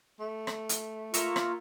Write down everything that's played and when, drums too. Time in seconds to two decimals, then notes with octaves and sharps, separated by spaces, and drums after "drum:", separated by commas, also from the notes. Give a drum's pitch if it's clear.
0.19 A3
0.47 drum: rim click
0.69 drum: hi-hat
1.14 A#3 F4 E5 A#5 C#6, drum: hi-hat
1.36 drum: rim click